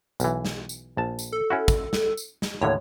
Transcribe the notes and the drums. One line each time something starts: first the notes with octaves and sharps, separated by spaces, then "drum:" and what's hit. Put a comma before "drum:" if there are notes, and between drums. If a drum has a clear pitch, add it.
B1 E3, drum: tambourine
drum: snare
drum: tambourine
A#1 A5
drum: tambourine
A4
C#4 E4 F#4
drum: kick, tambourine
drum: snare
drum: tambourine
drum: snare
D#2 A2 D3 C#5